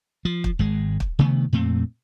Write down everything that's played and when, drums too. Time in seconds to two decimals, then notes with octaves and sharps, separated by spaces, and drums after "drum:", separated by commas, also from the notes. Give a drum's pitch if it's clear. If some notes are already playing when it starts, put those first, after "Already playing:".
0.25 F3
0.44 drum: kick
0.59 G#1 G#3
1.00 drum: kick
1.19 C3 D#3 A3 B3
1.53 F2 A#2 A3 C4